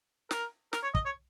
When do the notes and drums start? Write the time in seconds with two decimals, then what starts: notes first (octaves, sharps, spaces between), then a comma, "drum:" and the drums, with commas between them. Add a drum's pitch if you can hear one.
0.31 A#4, drum: snare
0.73 A#4, drum: snare
0.83 C#5
0.95 D#5, drum: kick
1.05 C#5